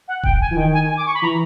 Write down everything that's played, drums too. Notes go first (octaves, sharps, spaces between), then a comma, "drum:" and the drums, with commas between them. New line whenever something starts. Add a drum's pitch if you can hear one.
F#5
G5, drum: kick D#1
G#5
E3
D#3 G5
G#5
G#5
D6
C#6
B5
E3 A#5